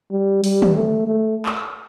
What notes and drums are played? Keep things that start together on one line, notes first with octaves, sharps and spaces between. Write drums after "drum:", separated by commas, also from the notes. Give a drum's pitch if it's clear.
G3
G3, drum: open hi-hat
drum: tom
A3
A3
drum: clap